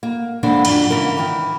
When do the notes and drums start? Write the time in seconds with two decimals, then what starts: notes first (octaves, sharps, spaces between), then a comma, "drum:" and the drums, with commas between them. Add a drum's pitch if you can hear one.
0.03 A#3
0.43 D3 E3 G#3 A#3 C4 D4
0.65 F2 G#2 F#3 D4, drum: cymbal
0.90 G#2 C#3 E3 A#4
1.17 D#3 E3